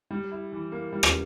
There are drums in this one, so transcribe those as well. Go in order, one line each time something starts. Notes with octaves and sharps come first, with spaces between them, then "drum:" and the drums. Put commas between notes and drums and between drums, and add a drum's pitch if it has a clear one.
G3
E4
E3
A#3
G3
drum: rim click